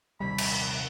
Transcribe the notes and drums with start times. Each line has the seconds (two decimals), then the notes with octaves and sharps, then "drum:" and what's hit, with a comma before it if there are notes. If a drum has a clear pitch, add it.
0.20 A#1 D#2 C3 G3 B5
0.38 drum: cymbal